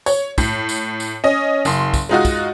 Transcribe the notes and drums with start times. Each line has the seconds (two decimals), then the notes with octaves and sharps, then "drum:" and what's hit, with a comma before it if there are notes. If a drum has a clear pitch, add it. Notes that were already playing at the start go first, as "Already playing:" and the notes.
0.06 C#5, drum: tambourine
0.38 A2, drum: kick, tambourine
0.69 drum: tambourine
1.00 drum: tambourine
1.24 C#4 D#5
1.65 F#1 C6, drum: tambourine
1.94 drum: kick, tambourine
2.09 G#3 D#4 F4 F#4
2.25 drum: kick, tambourine